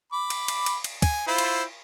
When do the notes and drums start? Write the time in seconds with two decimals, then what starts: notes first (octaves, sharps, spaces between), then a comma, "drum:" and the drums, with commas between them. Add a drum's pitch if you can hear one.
0.12 B5 D6
0.30 drum: cymbal
0.48 drum: cymbal
0.66 drum: cymbal
0.84 drum: cymbal
1.02 G#5, drum: kick, cymbal
1.27 E4 F4 C5
1.38 drum: cymbal